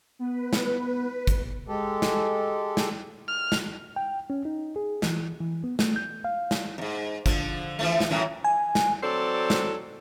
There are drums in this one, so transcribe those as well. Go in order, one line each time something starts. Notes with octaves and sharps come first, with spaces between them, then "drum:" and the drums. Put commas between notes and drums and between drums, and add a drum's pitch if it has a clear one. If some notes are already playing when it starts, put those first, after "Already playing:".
B3 B4
drum: snare
drum: kick, hi-hat
G#3 G4 A4
drum: snare
drum: snare
F6
drum: snare
G5
C#4
D#4
G#4
E3, drum: snare
E3
B3
A3, drum: snare
G6
F5
drum: snare
F2 G#2
D3 F3, drum: kick, hi-hat
E3 F3 A3
drum: snare
F#2 A2 E3
G#5
drum: snare
F#3 C4 A4 D5
drum: snare